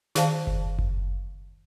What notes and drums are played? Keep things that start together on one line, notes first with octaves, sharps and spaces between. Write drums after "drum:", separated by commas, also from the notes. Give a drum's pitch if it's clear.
D#3 G#4 C5 F5 A5, drum: snare
drum: kick F#1
drum: kick F#1